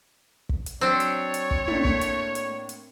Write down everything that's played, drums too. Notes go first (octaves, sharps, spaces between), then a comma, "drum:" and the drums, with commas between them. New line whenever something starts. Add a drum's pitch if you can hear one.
drum: kick
drum: hi-hat
F#3 C4 D4 C5 C#5
drum: hi-hat
drum: hi-hat
drum: kick
A2 A3 A#3 D4, drum: tom
drum: kick
drum: hi-hat
drum: hi-hat
drum: hi-hat